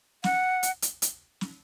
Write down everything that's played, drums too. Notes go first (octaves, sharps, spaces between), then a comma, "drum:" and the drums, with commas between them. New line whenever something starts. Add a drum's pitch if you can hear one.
F#5, drum: snare
drum: hi-hat
drum: hi-hat
drum: hi-hat
drum: snare